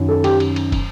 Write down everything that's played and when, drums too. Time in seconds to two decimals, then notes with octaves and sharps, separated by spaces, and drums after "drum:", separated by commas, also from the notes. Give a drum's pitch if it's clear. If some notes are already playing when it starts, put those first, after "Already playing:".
Already playing: F#2 D#3 F#3
0.09 A4
0.24 G4, drum: cymbal
0.40 drum: cymbal
0.56 drum: cymbal
0.72 drum: kick, cymbal